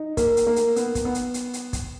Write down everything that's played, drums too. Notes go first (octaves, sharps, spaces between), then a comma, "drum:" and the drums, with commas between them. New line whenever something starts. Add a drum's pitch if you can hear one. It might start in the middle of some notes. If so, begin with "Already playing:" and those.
Already playing: D#4
A#3 A#4, drum: kick, hi-hat
drum: hi-hat
A#3
drum: hi-hat
B3, drum: hi-hat
drum: kick, hi-hat
B3
drum: hi-hat
drum: hi-hat
drum: hi-hat
drum: kick, hi-hat